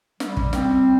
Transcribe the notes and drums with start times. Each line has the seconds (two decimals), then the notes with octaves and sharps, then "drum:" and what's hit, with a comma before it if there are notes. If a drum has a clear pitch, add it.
0.20 G3, drum: snare
0.37 drum: kick
0.53 C4, drum: snare